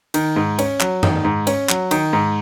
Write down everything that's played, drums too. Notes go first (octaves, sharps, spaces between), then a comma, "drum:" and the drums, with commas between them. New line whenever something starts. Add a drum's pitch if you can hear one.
D#3, drum: cymbal
G#2
C#4, drum: cymbal
F#3, drum: clap
D#3, drum: tom F#2
G#2
C#4, drum: cymbal
F#3, drum: clap
D#3, drum: cymbal
G#2